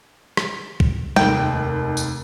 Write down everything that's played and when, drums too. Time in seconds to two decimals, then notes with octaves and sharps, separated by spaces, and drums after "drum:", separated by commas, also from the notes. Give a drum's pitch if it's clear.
0.37 drum: rim click
0.80 drum: kick
1.16 F1 D#2 G5, drum: snare
1.97 drum: tambourine